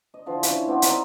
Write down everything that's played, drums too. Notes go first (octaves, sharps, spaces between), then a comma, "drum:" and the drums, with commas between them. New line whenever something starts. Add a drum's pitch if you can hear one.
D#5
D3 E3 F3 C5
C#4 E4, drum: hi-hat
B3 C4 D4 F#4
C4 D#4 A#4, drum: hi-hat